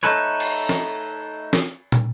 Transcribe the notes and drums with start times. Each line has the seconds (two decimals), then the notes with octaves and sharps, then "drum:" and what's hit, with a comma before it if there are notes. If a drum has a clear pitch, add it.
0.03 A3 D#4 A4 B4 C#5
0.40 drum: cymbal
0.69 drum: snare
1.53 drum: snare
1.92 drum: tom